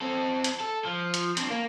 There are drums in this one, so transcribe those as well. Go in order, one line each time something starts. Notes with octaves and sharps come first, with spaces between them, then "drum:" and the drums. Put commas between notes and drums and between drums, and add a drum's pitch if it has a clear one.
C4 A4
drum: hi-hat
A4
F3
drum: hi-hat
C4 D4, drum: hi-hat
A#3